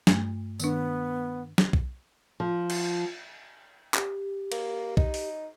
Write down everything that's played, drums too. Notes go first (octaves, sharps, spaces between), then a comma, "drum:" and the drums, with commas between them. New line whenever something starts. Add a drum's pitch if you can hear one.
G2 A3, drum: snare
D#3 B3 D4, drum: tambourine
drum: snare
drum: kick B1
F3
drum: cymbal
G4, drum: clap
A#3, drum: cymbal
D#4, drum: kick B1
drum: open hi-hat